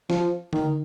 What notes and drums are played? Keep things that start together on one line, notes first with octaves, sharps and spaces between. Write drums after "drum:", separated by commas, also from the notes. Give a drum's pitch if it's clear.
F3, drum: snare
D#3, drum: tom D3